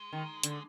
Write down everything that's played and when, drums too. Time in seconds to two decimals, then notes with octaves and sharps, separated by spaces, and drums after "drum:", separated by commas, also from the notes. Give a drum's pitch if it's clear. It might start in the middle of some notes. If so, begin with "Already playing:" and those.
Already playing: G#3
0.13 D#3
0.43 D3, drum: hi-hat